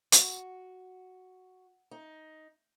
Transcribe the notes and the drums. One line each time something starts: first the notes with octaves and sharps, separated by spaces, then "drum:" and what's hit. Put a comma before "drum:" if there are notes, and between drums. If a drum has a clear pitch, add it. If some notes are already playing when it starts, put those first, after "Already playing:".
F#4, drum: hi-hat
D#4